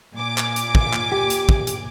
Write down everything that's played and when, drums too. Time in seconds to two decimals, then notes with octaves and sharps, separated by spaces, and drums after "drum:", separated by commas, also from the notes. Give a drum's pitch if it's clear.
0.16 A#2 G#5 D6
0.38 drum: clap
0.56 drum: hi-hat
0.75 drum: kick
0.93 drum: clap
1.12 G4
1.30 drum: hi-hat
1.49 drum: kick
1.67 drum: hi-hat